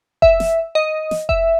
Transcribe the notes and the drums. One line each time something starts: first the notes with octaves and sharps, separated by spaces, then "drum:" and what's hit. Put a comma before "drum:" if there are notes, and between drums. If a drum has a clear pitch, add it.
E5, drum: kick F1
drum: snare
D#5
drum: snare
E5, drum: kick F1